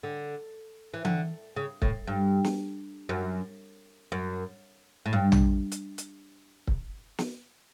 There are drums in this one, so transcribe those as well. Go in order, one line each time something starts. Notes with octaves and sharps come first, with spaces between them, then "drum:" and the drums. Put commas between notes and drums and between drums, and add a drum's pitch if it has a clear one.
D3
E3
D3, drum: tom E3
C#3
A2, drum: kick C#1
G2
drum: snare
F#2
F#2
A2
G2
drum: tom A#1
drum: hi-hat
drum: hi-hat
drum: kick C#1
drum: snare